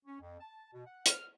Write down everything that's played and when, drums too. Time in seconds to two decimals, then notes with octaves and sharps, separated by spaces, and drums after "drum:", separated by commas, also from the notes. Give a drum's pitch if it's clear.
0.06 C#4
0.20 F2
0.40 A5
0.73 B2
0.85 F#5
1.06 F6, drum: hi-hat